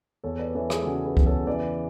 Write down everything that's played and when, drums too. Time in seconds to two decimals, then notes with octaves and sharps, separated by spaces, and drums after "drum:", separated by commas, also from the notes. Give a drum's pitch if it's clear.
0.24 E2 A4 C#5
0.39 B4 D5
0.55 E3 A4 C#5
0.70 G#4 B4, drum: rim click
0.85 C#3 F#4 A4
1.06 G#4 B4
1.17 E2, drum: kick C#2
1.26 A4 C#5
1.47 E3 B4 D5